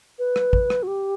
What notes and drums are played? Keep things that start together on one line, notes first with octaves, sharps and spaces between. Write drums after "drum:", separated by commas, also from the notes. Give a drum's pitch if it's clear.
B4
drum: rim click
drum: kick
drum: rim click
F#4
G4